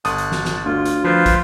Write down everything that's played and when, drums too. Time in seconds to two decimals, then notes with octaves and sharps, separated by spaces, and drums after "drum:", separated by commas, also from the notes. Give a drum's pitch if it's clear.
0.05 G1 A5 D#6 F#6, drum: hi-hat
0.18 drum: hi-hat
0.32 drum: snare
0.45 drum: snare
0.65 D2 F4
0.86 drum: hi-hat
1.04 F3 F4 B4 C5
1.26 drum: kick, hi-hat